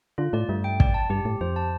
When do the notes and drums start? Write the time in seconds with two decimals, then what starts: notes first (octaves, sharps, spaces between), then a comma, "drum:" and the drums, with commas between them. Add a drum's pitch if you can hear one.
0.18 D3 F4
0.33 A2 D5
0.49 G2 A3
0.64 G5
0.80 D5, drum: kick
0.94 A5
1.10 G2 G4
1.25 A2 G4
1.41 F2 C5
1.56 A5